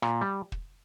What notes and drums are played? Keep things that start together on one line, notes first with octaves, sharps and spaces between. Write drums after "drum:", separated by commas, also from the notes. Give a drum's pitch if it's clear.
A#2, drum: rim click
G3
drum: kick